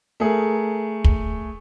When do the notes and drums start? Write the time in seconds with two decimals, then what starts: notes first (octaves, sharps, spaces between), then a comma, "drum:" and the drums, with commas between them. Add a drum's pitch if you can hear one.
0.20 A3 G#4 A#4
1.04 drum: kick